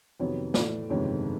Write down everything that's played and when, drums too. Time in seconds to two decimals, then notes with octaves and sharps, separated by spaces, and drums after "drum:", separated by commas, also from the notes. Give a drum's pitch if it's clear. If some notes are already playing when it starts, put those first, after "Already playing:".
0.20 F2 C3 D#3 F#3 B3 C#5
0.54 A2 E3 A3 D5, drum: snare
0.89 G1 F2 C3 D#3 G#3 C#5